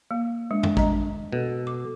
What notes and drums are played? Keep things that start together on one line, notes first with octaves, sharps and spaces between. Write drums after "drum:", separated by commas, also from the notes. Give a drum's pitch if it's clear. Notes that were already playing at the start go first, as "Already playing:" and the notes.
A#3
G#3 D4
drum: tom F2
D#5 A#5, drum: kick
B2 A4
D6